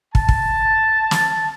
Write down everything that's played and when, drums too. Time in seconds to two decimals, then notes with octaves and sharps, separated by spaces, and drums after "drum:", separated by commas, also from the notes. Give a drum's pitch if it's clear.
0.15 A5, drum: kick
0.29 drum: kick
1.11 drum: snare